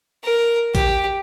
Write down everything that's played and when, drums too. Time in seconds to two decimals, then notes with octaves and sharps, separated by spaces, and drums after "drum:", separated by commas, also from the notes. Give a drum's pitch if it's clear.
0.24 A#4
0.75 G4, drum: kick, hi-hat